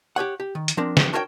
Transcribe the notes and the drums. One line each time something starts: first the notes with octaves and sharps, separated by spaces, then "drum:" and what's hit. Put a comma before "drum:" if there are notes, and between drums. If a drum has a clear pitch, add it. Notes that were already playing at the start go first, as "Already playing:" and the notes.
G4 G#4 C#5 F#5
G4
D#3
drum: hi-hat
F3 C4 D4 A#4
drum: snare
D4 F#4 A#4 C#5 D#5 G5